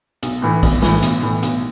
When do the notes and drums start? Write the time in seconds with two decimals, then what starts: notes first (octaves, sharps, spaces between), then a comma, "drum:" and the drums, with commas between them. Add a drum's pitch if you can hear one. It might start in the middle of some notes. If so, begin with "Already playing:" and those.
0.23 B1, drum: hi-hat
0.42 A2 E3
0.63 B1, drum: kick, open hi-hat
0.82 A2 E3, drum: snare A3
1.02 B1, drum: hi-hat
1.22 A2 E3
1.42 B1, drum: hi-hat